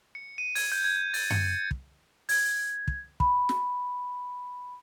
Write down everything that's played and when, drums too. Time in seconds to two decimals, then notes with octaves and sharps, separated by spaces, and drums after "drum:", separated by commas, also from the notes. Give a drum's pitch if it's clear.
0.15 C#7
0.38 D#7
0.55 G#6, drum: open hi-hat
0.72 G6
0.84 G#6
1.14 A6, drum: open hi-hat
1.30 C#7, drum: tom F#2
1.71 drum: kick
2.29 G#6, drum: open hi-hat
2.88 drum: kick
3.20 B5, drum: kick
3.49 drum: snare